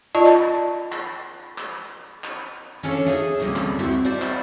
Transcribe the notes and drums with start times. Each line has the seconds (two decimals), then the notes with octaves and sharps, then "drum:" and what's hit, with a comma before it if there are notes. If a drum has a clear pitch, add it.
0.15 F4 D5 D#5 A5 C#6
0.26 drum: clap
0.92 drum: clap
1.58 drum: clap
2.24 drum: clap
2.83 C#4 D4 A4 C#5 D#5 F5
3.06 D#4 G#4 E5
3.40 D2 A2 C3 G3 A#3 C#4
3.56 drum: clap
3.79 A3 A#3 C4 E4 F#4 G4
4.05 D#4 C5 D5 E5 F5 A5
4.22 drum: clap